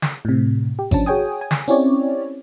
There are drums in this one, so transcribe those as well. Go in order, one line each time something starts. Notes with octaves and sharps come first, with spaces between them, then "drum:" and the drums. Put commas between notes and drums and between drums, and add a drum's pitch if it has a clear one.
drum: snare
A2 C3
G4
F3 C#4 D4 A5, drum: kick G#1
F#4 G#4 C#5 G5 G#5 D#6
G#5
drum: snare
C4 C#4 E4 G4 C#5 D5